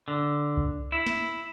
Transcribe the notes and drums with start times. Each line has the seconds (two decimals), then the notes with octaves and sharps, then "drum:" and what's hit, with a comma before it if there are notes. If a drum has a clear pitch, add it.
0.08 D3
0.57 drum: kick C2
0.92 E4
1.06 drum: snare